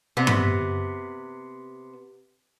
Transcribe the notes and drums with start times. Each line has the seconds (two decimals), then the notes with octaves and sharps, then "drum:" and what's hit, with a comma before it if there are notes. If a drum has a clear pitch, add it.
0.17 C3 B3
0.27 drum: tom G2